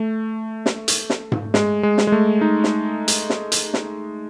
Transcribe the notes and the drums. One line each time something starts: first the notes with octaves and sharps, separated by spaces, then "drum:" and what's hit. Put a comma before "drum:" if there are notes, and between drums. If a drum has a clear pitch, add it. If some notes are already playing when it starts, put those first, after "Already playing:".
Already playing: A3
drum: snare
drum: hi-hat
drum: snare
drum: tom G#2
G#3, drum: snare
G#3
drum: snare
G#3
A3
D#4
drum: snare
drum: hi-hat
drum: snare
drum: hi-hat
drum: snare